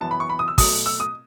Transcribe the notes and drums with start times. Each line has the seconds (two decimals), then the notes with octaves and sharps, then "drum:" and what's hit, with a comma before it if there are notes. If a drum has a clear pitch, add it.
0.01 F#2 E3 B3 A5
0.11 B5
0.20 C#6
0.30 B5
0.39 D#6
0.48 E6
0.58 B2 F#3 A3 D#6, drum: kick, open hi-hat
0.86 E6
1.00 D#6